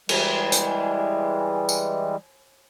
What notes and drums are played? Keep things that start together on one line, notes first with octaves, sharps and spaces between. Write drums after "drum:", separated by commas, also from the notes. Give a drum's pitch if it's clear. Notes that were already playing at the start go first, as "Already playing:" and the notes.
E3 G3 G#3, drum: cymbal
drum: hi-hat
drum: tambourine